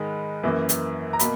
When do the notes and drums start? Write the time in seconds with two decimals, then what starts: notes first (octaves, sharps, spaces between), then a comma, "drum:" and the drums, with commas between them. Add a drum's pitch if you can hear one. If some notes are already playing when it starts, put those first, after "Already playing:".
Already playing: G#2 D#3 G#3 D#4 B5
0.43 F#2 E3 A#3
0.69 drum: hi-hat
1.13 A#5
1.19 B2 A#3 B5, drum: hi-hat